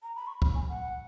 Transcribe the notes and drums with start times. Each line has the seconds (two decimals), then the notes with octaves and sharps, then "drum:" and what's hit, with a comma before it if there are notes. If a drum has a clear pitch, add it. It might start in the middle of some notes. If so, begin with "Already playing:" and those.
0.03 A#5
0.15 B5
0.27 C#6
0.42 B5, drum: kick
0.55 G#5
0.69 F#5